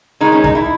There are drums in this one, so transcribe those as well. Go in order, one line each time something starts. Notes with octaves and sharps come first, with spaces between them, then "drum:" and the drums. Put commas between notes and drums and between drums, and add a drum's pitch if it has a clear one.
D#3 G#3 D#4
C#4
D#4, drum: kick
E4